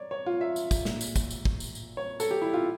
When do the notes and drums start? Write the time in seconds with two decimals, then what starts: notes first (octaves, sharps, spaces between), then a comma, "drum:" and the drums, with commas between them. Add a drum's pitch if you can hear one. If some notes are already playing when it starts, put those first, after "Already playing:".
Already playing: C#5 D5
0.11 C#5
0.26 F4
0.41 E5
0.56 drum: tambourine
0.71 drum: kick, tambourine
0.85 A#2, drum: snare
1.01 drum: tambourine
1.16 drum: kick, tambourine
1.31 drum: tambourine
1.45 drum: kick
1.60 drum: tambourine
1.75 drum: tambourine
1.97 C#5
2.20 A4, drum: tambourine
2.31 G4
2.42 E4
2.54 F4